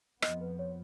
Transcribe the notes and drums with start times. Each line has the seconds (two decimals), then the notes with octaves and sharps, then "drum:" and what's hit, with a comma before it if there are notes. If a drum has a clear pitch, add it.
0.22 F2 F3 B3 D#5, drum: rim click
0.41 B4
0.59 C#5